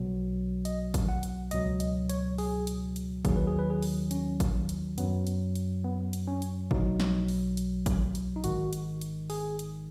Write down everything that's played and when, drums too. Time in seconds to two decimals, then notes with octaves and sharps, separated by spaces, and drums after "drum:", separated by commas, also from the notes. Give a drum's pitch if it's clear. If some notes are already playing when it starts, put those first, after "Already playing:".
Already playing: B1 B2 F#3
0.65 D#5, drum: hi-hat
0.94 drum: kick G#1, hi-hat
1.09 F#5
1.23 drum: hi-hat
1.51 C#2 B2 F#3 D#5, drum: hi-hat
1.80 D#5, drum: hi-hat
2.09 C#5, drum: hi-hat
2.38 G#4, drum: open hi-hat
2.67 drum: hi-hat
2.96 drum: hi-hat
3.25 D#2 D#3 F#3 G#4, drum: kick G#1, hi-hat
3.36 B4
3.47 G#4
3.59 B4
3.70 G#4
3.82 drum: open hi-hat
4.11 C#4, drum: hi-hat
4.40 drum: kick G#1, hi-hat
4.69 drum: hi-hat
4.98 F#2 F#3 B3, drum: hi-hat
5.27 drum: hi-hat
5.55 drum: hi-hat
5.84 B3
6.13 drum: hi-hat
6.27 C#4
6.42 drum: hi-hat
6.71 B1 B2 F#3 D#4, drum: kick G#1
7.00 drum: snare
7.28 drum: open hi-hat
7.57 drum: hi-hat
7.86 drum: kick G#1, hi-hat
8.15 drum: hi-hat
8.36 D#4
8.44 G#1 G#2 D#3 F#4, drum: hi-hat
8.73 drum: hi-hat
9.01 drum: hi-hat
9.30 G#4, drum: open hi-hat
9.59 drum: hi-hat